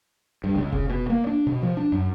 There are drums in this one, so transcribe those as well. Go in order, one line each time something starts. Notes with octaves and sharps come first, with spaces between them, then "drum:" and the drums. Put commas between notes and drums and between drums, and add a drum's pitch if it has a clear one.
G2
C#2
C#3, drum: kick F1
B2
A#3
D4
B2
F3
D4
F#2